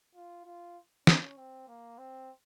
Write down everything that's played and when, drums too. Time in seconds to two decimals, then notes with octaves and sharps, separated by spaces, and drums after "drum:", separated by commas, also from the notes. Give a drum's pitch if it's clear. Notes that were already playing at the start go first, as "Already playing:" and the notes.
0.15 F4
0.46 F4
1.07 C#4, drum: snare
1.38 C4
1.68 A#3
1.99 C4